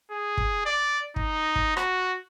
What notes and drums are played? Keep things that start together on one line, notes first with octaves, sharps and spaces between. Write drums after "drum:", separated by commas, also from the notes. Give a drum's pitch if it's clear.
G#4
drum: kick
D5
D#4, drum: kick
drum: kick
F#4, drum: rim click